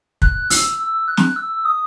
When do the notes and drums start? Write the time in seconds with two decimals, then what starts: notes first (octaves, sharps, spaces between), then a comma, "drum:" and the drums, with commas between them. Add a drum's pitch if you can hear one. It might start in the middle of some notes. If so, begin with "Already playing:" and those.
0.22 F#6, drum: kick
0.50 E6, drum: open hi-hat
0.79 E6
1.08 F#6
1.17 drum: snare
1.36 E6
1.65 D#6